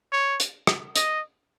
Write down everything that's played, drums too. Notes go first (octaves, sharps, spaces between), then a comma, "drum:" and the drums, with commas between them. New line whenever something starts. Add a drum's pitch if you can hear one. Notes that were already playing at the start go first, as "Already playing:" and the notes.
C#5
drum: hi-hat
drum: rim click
D#5, drum: hi-hat